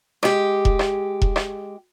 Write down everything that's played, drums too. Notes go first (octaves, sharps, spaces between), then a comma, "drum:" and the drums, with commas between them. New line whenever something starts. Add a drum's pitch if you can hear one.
G#3 G4, drum: rim click
drum: kick E1
drum: rim click
drum: kick E1
drum: rim click